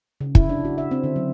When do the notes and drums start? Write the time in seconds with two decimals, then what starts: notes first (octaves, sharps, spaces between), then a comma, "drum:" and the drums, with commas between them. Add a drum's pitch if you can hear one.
0.21 C#3
0.35 E4, drum: kick
0.49 D4
0.65 F#4
0.78 E5
0.91 C4
1.04 D3
1.16 F#3